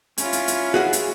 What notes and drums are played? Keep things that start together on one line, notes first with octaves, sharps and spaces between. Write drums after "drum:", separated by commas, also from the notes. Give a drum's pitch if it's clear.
C#4 E4 F4, drum: hi-hat
drum: hi-hat
drum: hi-hat
F#4 G#4 F#5
drum: hi-hat